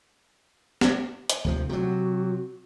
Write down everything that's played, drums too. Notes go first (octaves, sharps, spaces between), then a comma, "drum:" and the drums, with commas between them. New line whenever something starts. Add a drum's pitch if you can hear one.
drum: snare
drum: hi-hat
D2 C3 F3
C3 F#3 F#4